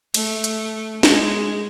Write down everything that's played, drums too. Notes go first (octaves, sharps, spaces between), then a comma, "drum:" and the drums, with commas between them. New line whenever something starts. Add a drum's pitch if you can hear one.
A3, drum: cymbal
drum: hi-hat
G#3, drum: snare